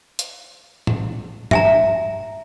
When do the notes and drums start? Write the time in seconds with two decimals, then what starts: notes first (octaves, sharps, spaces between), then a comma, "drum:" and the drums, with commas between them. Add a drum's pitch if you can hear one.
0.19 drum: hi-hat
0.87 drum: tom A2
1.51 E5 G#5 A#5, drum: tom G2